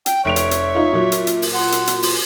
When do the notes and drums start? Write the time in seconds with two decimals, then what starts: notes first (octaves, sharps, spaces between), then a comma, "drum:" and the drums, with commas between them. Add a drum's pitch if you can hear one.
0.06 G5, drum: hi-hat
0.25 F1 C#5 E5 D7 F7
0.36 drum: hi-hat
0.51 drum: hi-hat
0.75 D#4 F4
0.93 A#2 F#3
1.12 drum: hi-hat
1.27 drum: hi-hat
1.42 drum: open hi-hat
1.54 F#5 C6
1.72 drum: hi-hat
1.87 drum: hi-hat
2.03 drum: open hi-hat